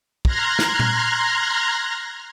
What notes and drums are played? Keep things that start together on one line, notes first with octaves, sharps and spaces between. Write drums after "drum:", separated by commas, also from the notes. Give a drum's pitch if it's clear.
A#5 C6 F6 F#6 G#6 A#6, drum: kick
drum: snare
drum: tom A#2